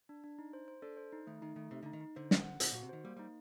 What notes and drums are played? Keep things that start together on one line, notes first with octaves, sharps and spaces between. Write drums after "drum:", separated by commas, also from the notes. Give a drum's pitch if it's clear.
D4
D4
D#4
C5
C5
D4 A4
C5
D#4
D#3 A3
D#3 D#4
D#3 A3
C3 D#4
D3 D#4
D#3
D#4
D3 C5
F#5, drum: snare
F#5
C3 F#5, drum: hi-hat
A#2 F#4
C3
D#3 C5
G3 A#3
G3 D#4